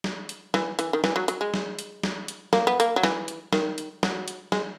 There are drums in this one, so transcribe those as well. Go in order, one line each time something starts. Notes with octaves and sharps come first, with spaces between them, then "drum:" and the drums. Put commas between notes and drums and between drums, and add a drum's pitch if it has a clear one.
drum: snare
drum: hi-hat
E3, drum: snare
E3, drum: hi-hat
D#3
E3, drum: snare
F#3
F#3, drum: hi-hat
G#3
drum: snare
drum: hi-hat
drum: snare
drum: hi-hat
A#3, drum: snare
B3
A#3, drum: hi-hat
F#3
E3, drum: snare
drum: hi-hat
D#3, drum: snare
drum: hi-hat
F#3, drum: snare
drum: hi-hat
G#3, drum: snare